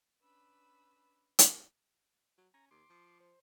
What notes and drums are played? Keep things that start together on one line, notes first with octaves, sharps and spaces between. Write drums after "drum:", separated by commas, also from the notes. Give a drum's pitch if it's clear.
C#4 D4 B4 B5 E6
drum: hi-hat
F#3
C#4 A#5
D#2 C6 D6
F3
C5